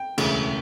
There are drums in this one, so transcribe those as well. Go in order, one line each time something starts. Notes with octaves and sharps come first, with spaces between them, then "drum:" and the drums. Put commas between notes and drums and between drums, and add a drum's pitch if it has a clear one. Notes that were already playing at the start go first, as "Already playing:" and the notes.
Already playing: G5
E1 D2 C#3 E3, drum: cymbal